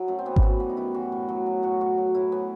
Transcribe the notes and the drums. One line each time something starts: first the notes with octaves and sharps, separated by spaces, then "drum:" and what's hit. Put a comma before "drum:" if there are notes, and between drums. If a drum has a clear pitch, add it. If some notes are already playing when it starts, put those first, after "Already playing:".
Already playing: F#3 E4
F#2 A3
C4
E3 B3
A3, drum: kick G#1
F#2 B3
G3 B3
D#4
F#2 E4
E3 F#4
A2
F#3
F#3
A2 F#4
A2 F#4
F#3
A2 E4
E3 B3